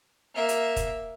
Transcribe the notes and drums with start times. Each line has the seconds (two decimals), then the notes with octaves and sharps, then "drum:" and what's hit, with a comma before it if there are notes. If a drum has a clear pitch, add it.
0.35 A#3 E5
0.49 drum: hi-hat
0.76 drum: kick, hi-hat